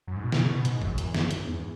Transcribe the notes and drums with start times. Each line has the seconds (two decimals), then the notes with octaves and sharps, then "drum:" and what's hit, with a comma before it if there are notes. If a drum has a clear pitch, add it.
0.07 F#2
0.16 G#2
0.24 B2
0.32 C#3, drum: snare
0.49 B2
0.65 G#2, drum: hi-hat
0.82 F#2, drum: kick
0.98 E2, drum: hi-hat
1.15 F#2, drum: snare
1.31 G#2, drum: hi-hat
1.47 E2